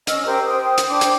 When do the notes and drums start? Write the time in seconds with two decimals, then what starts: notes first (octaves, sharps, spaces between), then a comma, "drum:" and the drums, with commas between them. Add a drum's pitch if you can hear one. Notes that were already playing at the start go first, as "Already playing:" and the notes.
0.07 C#4 D#5 E6 F6, drum: hi-hat
0.26 G4 A#4 C5
0.47 C5 G5 D#6
0.78 drum: hi-hat
0.88 D4 C5 G5 D6
1.01 drum: hi-hat